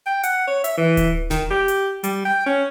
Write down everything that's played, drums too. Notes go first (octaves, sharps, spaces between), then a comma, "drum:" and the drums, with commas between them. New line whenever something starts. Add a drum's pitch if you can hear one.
G5
F#5, drum: hi-hat
C#5
E5, drum: hi-hat
E3
drum: kick D1, hi-hat
D#3, drum: snare F1
G4
drum: hi-hat
G3, drum: hi-hat
G5
C#4